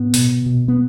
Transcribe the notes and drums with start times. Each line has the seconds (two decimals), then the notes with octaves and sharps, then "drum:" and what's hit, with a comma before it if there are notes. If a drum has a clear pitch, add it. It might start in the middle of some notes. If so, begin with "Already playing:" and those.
Already playing: A2 B3
0.14 B2, drum: open hi-hat
0.46 B2
0.68 B3